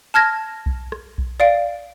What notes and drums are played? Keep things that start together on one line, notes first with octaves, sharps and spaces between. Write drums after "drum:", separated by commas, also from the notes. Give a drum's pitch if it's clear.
A5 F6 G#6 A#6
drum: kick B1
drum: rim click
drum: kick B1
D5 F5 D7